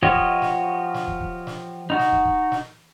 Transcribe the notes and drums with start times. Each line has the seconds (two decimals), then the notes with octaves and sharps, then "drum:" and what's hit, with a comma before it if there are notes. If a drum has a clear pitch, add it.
0.03 F3 F#4 G4 C#5 D#5, drum: kick
0.16 drum: kick
0.42 drum: snare
0.94 drum: snare
1.07 drum: kick
1.21 drum: kick
1.47 drum: snare
1.90 D#4 F#4
1.99 drum: snare
2.12 drum: kick
2.25 drum: kick
2.52 drum: snare